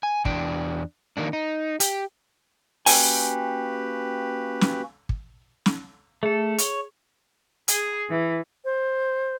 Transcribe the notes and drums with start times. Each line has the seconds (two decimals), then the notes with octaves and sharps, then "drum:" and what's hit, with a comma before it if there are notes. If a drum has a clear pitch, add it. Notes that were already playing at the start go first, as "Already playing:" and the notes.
0.03 G#5
0.25 E2 D4 G5, drum: kick
1.17 D#3 A#3 D4
1.33 D#4
1.80 G4, drum: hi-hat
2.86 A#3 C#4 F#4 G4 B4 G5 G#5, drum: open hi-hat
4.61 drum: snare
5.09 drum: kick
5.66 drum: snare
6.23 A3 G#4 A4
6.58 C#5, drum: hi-hat
7.68 G#4, drum: hi-hat
8.09 E3
8.65 C5